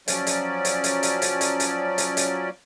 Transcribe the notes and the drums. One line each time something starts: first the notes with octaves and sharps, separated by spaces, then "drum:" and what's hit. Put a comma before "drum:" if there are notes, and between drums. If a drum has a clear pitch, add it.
F3 F#3 C#4 D5, drum: hi-hat
drum: hi-hat
drum: hi-hat
drum: hi-hat
drum: hi-hat
drum: hi-hat
drum: hi-hat
drum: hi-hat
drum: hi-hat
drum: hi-hat